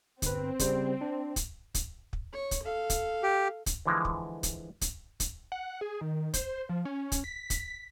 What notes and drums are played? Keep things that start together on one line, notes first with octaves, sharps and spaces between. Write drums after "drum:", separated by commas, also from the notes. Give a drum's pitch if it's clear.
G1 C4 B4, drum: kick, hi-hat
C#3 G3 C5, drum: kick, hi-hat
D4
drum: kick, hi-hat
drum: kick, hi-hat
drum: kick
C#5
drum: kick, hi-hat
A4 F5
drum: kick, hi-hat
G4
drum: kick, hi-hat
D3 E3 F3 G#3
drum: kick
drum: kick, hi-hat
drum: kick, hi-hat
drum: kick, hi-hat
F#5
G#4
D#3
C5, drum: kick, hi-hat
F3
C#4
drum: kick, hi-hat
B6
drum: kick, hi-hat